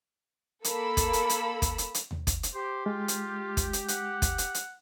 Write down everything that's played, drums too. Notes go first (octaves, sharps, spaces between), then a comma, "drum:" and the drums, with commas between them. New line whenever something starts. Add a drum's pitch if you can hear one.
A#3 A4 B5 E6, drum: hi-hat
drum: kick, hi-hat
drum: hi-hat
drum: hi-hat
drum: kick, hi-hat
drum: hi-hat
drum: hi-hat
drum: tom D#2
drum: kick, hi-hat
drum: hi-hat
G4 C5
G#3 F4
drum: hi-hat
drum: kick, hi-hat
drum: hi-hat
F#5, drum: hi-hat
drum: kick, hi-hat
drum: hi-hat
drum: hi-hat